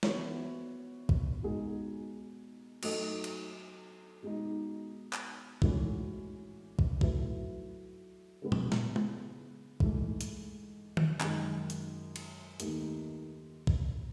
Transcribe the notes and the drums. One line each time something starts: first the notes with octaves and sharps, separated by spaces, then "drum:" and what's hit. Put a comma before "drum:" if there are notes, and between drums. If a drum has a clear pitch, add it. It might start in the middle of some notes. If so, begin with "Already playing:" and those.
E3 B3 F#4 C#5 E5, drum: snare
drum: kick
B2 G#3 D#4 G#4
F#3 A3 D#4 A4 D#5, drum: cymbal
drum: cymbal
B2 G#3 D#4
drum: clap
A2 E3 G#3 C#4 F#4, drum: kick
drum: kick
F#3 A3 E4 B4 E5, drum: kick
C#3 G#3 B3
drum: tom A#2
drum: snare
drum: tom
G#2 E3 A3, drum: kick
drum: hi-hat
drum: tom D#3
F#2 D#3 G#3, drum: clap
drum: hi-hat
drum: cymbal
D#2 D#3 A3 D#4, drum: hi-hat
drum: kick